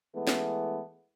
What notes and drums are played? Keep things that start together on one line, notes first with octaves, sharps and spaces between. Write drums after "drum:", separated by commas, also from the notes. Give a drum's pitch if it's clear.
E3 G#3 A3 B3
drum: snare